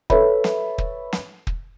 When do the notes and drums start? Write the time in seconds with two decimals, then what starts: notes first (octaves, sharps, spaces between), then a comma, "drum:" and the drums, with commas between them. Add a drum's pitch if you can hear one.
0.10 A4 B4 C#5 E5 B5, drum: kick
0.44 drum: snare
0.78 drum: kick
1.13 drum: snare
1.47 drum: kick